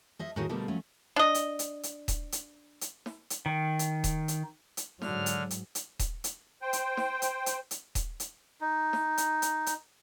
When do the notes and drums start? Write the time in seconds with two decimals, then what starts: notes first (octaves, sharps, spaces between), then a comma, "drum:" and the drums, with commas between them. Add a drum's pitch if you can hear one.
0.19 F3 D#5 E5
0.36 A2 D#3 D#4 F#4 G#4
0.49 B2 D3 F3 G3 A3 A#3
0.68 F3 F#3 A3 C#4
1.16 D4 D#5
1.34 drum: hi-hat
1.59 drum: hi-hat
1.83 drum: hi-hat
2.08 drum: kick D#1, hi-hat
2.32 drum: hi-hat
2.81 drum: hi-hat
3.06 drum: snare
3.30 drum: hi-hat
3.46 D#3
3.79 drum: hi-hat
4.04 drum: kick D#1, hi-hat
4.28 drum: hi-hat
4.77 drum: hi-hat
5.02 G#2 D3 F#3 F6, drum: snare
5.26 drum: hi-hat
5.50 drum: hi-hat
5.75 drum: hi-hat
5.99 drum: kick D#1, hi-hat
6.24 drum: hi-hat
6.62 C5 G5
6.73 drum: hi-hat
6.97 drum: snare
7.22 drum: hi-hat
7.46 drum: hi-hat
7.71 drum: hi-hat
7.95 drum: kick D#1, hi-hat
8.20 drum: hi-hat
8.61 D#4
8.93 drum: snare
9.18 drum: hi-hat
9.42 drum: hi-hat
9.66 drum: hi-hat